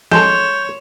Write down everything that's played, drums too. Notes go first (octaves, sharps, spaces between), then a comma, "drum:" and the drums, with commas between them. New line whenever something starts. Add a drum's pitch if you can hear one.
G#3 A4 C#5 C6 G6 E7, drum: snare